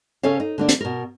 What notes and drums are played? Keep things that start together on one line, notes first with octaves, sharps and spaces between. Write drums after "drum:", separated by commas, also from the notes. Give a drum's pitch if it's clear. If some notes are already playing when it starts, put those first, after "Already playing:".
C#3 C#4 A4 C#5 F5
D#4
D3 A#3 D4
drum: hi-hat
B2 A#4